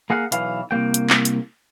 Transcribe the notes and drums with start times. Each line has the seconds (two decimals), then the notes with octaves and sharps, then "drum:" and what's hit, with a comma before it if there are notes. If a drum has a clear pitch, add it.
0.10 A#3 G#4 F5 F#5
0.32 B1 E3 F5, drum: hi-hat
0.71 C2 C#3 A#3 G5
0.94 drum: hi-hat
1.10 drum: clap
1.25 drum: hi-hat